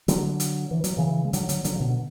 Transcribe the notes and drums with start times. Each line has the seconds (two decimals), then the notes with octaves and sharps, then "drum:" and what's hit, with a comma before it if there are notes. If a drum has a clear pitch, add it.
0.08 D3 F#3, drum: hi-hat
0.40 drum: hi-hat
0.71 E3
0.84 F#3, drum: hi-hat
0.97 C#3 E3
1.25 G#3
1.33 D3 F#3, drum: hi-hat
1.49 D3 F#3, drum: hi-hat
1.64 D3 F#3, drum: hi-hat
1.76 C#3
1.80 B2 D3